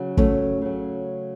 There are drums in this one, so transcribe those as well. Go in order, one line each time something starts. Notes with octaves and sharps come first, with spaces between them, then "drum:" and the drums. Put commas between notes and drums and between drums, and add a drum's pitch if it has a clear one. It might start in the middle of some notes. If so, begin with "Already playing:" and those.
Already playing: C#3 F#3
A3 C#4, drum: kick
C#3 F#3